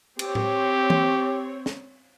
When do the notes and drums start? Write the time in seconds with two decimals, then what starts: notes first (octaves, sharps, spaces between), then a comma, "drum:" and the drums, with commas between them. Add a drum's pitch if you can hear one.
0.19 C4 G4 C#5, drum: cymbal
0.35 drum: tom A2
0.90 drum: tom E3
1.66 drum: snare